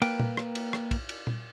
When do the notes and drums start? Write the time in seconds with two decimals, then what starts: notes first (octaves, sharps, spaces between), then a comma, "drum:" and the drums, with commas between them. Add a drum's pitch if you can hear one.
0.02 A#3 A#4 B4 G5, drum: cymbal
0.20 drum: tom A#2
0.37 drum: rim click
0.55 drum: cymbal
0.73 drum: rim click
0.91 drum: kick, cymbal
1.09 drum: cymbal
1.27 drum: tom A#2